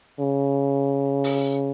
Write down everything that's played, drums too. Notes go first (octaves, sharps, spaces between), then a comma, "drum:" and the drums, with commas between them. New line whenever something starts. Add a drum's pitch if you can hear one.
C#3
drum: open hi-hat